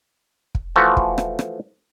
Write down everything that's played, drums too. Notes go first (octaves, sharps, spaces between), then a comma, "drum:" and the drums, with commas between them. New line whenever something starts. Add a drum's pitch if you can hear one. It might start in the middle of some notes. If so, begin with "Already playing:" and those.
drum: kick
E3 F3 A3 F#4
drum: kick
drum: rim click
drum: rim click